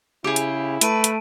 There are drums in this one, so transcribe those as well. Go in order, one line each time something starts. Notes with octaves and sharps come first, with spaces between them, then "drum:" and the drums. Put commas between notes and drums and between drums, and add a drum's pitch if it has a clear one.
C#3 E4 G4 G#4
drum: hi-hat
A3 B4 A5 D7 D#7, drum: hi-hat
drum: hi-hat